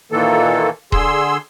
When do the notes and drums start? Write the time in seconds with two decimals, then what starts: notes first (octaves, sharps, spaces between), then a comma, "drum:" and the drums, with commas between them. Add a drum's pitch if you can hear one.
0.12 A#2 D#3 E3 A#3 A4
0.92 D3 G#4 C6 E6, drum: kick D#1